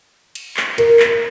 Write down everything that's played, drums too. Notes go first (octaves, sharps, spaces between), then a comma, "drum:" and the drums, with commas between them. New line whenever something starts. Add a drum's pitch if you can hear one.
drum: cymbal
drum: clap
A#4, drum: cymbal
drum: clap